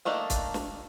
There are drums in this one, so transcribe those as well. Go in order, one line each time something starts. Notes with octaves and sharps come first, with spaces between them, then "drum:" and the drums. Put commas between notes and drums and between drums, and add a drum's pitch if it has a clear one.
D#3 A3 A#3 D4 D#4
drum: kick, hi-hat
drum: snare